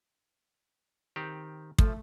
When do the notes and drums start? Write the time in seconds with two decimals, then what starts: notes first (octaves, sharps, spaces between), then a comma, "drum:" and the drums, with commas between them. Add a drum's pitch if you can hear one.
1.16 D#3 C4 G4
1.79 F3 A3, drum: kick